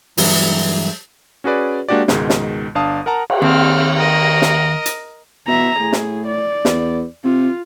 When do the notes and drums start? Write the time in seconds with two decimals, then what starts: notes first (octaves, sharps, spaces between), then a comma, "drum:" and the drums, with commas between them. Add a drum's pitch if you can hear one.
0.17 G2 E3 F#3 G#3 E4, drum: open hi-hat
1.44 C#4 F#4 G#4 B4 D5
1.89 G#3 A#3 D4 F#4 G4 D5
2.08 C#2 G#2 B2 D#3 G#3, drum: snare
2.30 drum: snare
2.75 G1 D4 F5 A5 D#6
3.06 A#4 F#5 A5 A#5
3.30 drum: cymbal
3.42 D#2 C4 F6
3.97 A#4 D#5
4.42 drum: snare
4.86 drum: hi-hat
5.48 B2 E5 A#5
5.80 A2 G#4
5.93 drum: snare
6.27 D5
6.65 E2, drum: snare
7.24 C3 F4